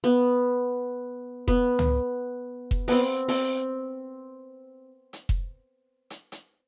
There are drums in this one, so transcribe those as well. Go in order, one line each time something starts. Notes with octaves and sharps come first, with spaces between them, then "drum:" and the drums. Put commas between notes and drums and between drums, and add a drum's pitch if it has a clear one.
B3
B3, drum: kick F1
drum: tom
drum: kick F1
B3 C4, drum: open hi-hat
C4, drum: open hi-hat
drum: hi-hat
drum: kick F1
drum: hi-hat
drum: hi-hat